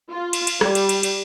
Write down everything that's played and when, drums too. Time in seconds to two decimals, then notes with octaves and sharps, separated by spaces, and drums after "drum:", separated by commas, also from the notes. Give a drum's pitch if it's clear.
0.12 F4
0.33 drum: cymbal
0.47 drum: cymbal
0.61 G3, drum: rim click
0.75 drum: cymbal
0.89 drum: cymbal
1.03 drum: cymbal